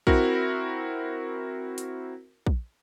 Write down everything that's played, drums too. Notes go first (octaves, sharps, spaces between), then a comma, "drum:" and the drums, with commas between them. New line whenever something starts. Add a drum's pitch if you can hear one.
C4 E4 F#4 A#4, drum: kick A#1
drum: hi-hat
drum: kick A#1